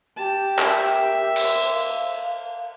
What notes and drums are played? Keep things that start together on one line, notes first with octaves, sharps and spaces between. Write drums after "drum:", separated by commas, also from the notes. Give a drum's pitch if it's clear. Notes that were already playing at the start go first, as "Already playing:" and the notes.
G4 A5
A#4 E5, drum: clap
drum: cymbal
F5